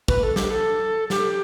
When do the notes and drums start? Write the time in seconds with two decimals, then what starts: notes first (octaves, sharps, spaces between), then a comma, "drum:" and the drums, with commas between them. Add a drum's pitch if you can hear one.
0.08 B4, drum: kick
0.23 A4
0.36 G4, drum: snare
0.50 A4
1.10 G4, drum: snare